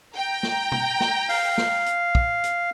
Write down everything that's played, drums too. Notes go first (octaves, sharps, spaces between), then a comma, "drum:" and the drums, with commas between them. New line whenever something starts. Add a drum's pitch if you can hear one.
G5 A#5
drum: snare
drum: tom B2
drum: snare
F5, drum: open hi-hat
drum: snare
drum: hi-hat
drum: kick
drum: hi-hat